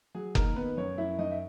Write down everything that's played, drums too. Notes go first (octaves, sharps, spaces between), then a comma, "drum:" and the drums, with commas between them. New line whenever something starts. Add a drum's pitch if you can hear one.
F#3 G#4
D#3 A#3 A#4, drum: kick F#1
D#3 B3 B4
F#2 C#4 C#5
F#2 E4 E5
F#2 D#4 D#5
E5